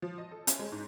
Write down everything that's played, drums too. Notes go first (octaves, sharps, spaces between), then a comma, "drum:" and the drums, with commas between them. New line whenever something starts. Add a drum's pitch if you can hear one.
F3
D#5
A4
C#4, drum: hi-hat
G#3
G#2